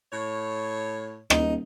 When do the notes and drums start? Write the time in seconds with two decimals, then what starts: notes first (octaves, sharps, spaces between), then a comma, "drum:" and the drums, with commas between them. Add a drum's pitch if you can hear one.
0.12 A2 C#5
1.30 D#1 D#4, drum: rim click